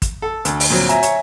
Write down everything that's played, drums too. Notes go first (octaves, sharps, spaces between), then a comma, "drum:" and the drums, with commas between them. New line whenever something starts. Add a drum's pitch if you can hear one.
drum: kick, hi-hat
A4
D2, drum: hi-hat
drum: open hi-hat
A#2 F#3 C4
E5 G#5 A#5, drum: hi-hat
C#5, drum: hi-hat